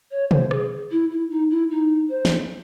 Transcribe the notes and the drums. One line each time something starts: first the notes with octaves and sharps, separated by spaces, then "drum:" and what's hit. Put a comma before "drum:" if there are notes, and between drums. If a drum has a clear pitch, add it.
C#5
C5, drum: tom
G#4, drum: rim click
E4
E4
D#4
E4
D#4
C5
drum: snare